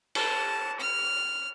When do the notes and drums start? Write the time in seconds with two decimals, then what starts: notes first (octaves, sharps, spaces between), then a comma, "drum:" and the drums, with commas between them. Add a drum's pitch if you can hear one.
0.15 A5, drum: cymbal
0.80 F6